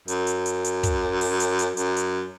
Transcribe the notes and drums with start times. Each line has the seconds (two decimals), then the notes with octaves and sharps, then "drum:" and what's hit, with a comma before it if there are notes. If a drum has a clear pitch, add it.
0.08 F#2, drum: hi-hat
0.27 drum: hi-hat
0.46 drum: hi-hat
0.64 drum: hi-hat
0.83 drum: kick, hi-hat
1.21 drum: open hi-hat
1.40 drum: hi-hat
1.59 drum: hi-hat
1.77 F#2, drum: hi-hat
1.97 drum: hi-hat